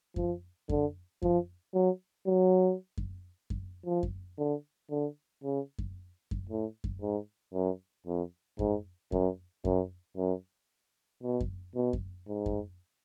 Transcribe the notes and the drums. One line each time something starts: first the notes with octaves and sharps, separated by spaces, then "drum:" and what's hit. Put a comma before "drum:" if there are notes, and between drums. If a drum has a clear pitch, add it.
F3, drum: kick F#2
D3, drum: kick F#2
F3, drum: kick F#2
F#3
F#3
drum: kick F#2
drum: kick F#2
F3
drum: kick F#2
D3
D3
C#3
drum: kick F#2
drum: kick F#2
A2
drum: kick F#2
G#2
F#2
F2
G#2, drum: kick F#2
F#2, drum: kick F#2
F#2, drum: kick F#2
F#2
B2
drum: kick F#2
B2
drum: kick F#2
G#2
drum: kick F#2